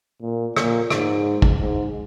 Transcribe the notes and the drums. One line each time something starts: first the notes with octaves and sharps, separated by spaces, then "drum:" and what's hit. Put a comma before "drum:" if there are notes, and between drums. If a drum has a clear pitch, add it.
A#2
A#2, drum: rim click
G#2, drum: rim click
drum: kick
G#2